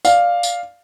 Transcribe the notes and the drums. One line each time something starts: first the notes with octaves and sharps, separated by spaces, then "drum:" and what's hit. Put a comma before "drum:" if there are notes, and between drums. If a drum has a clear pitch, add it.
D5 F5, drum: tambourine
drum: tambourine